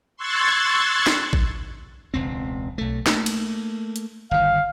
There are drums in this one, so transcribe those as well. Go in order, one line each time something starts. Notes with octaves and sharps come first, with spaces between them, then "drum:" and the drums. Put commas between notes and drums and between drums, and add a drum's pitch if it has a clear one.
C6 C#6 E6 F#6 G#6 A6
drum: snare
drum: kick A1
E1 C#2 C4
B1 A3
A3 A#3, drum: snare
drum: cymbal
drum: hi-hat
G1 D#3 F5